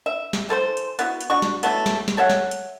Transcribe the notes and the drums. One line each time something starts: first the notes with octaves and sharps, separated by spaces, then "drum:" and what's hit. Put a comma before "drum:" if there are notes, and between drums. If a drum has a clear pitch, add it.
E5
drum: snare
E3 A4 B4 C5
drum: hi-hat
B3 E4 F#4, drum: hi-hat
drum: hi-hat
D4 F#4 C#6
drum: snare
E3 F#3 A3 B3, drum: hi-hat
drum: snare
drum: snare
A4 C#5 E5 F#5
drum: snare
drum: hi-hat